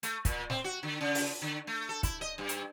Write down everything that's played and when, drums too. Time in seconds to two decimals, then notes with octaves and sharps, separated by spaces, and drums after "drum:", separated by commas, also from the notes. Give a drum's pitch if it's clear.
0.03 A3, drum: hi-hat
0.25 A#2, drum: kick, hi-hat
0.50 C4, drum: snare
0.64 F#4
0.83 D3
1.01 C#3
1.15 drum: open hi-hat
1.42 D3
1.67 A3
1.89 A4
2.03 E4, drum: kick, hi-hat
2.21 D#5
2.38 G2
2.49 drum: hi-hat